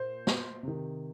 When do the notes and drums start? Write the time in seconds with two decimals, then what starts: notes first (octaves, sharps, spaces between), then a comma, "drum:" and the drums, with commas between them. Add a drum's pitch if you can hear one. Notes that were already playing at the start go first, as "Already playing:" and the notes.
Already playing: A#2 C5
0.27 drum: snare
0.63 C3 D#3